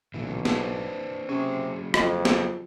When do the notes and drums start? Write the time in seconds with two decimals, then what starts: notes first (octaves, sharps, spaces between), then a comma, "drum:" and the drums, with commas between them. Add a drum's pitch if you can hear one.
0.14 B1 A#2 C#3 E3
0.45 D4 B4 C5, drum: snare
1.29 C3 F#3 C#4 G#4
1.94 F2 F4 D#5, drum: rim click
2.25 drum: snare